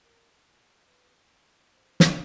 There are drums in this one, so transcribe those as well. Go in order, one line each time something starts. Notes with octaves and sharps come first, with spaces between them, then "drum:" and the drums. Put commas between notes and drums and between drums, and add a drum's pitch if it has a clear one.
A#4
B4
C5
drum: snare